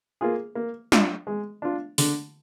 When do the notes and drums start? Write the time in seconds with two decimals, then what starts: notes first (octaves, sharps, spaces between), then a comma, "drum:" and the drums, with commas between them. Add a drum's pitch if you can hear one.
0.21 A#3 F4 G#4
0.55 A#3
0.92 D4 F4, drum: snare
1.27 G#3
1.62 D4 F4
1.98 D3, drum: open hi-hat